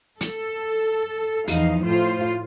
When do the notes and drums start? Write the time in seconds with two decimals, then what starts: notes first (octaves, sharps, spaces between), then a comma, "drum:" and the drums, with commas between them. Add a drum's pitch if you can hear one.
0.21 A4, drum: hi-hat
1.48 E2 F3 D#4 F5, drum: open hi-hat
1.84 A2 F4 C5